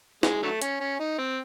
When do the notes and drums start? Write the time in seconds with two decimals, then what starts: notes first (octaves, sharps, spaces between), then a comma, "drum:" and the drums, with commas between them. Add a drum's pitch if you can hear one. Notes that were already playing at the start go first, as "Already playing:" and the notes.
0.23 G#3, drum: snare
0.43 D3 F#3 A3
0.62 C#4, drum: hi-hat
0.80 C#4
1.00 D#4
1.18 C4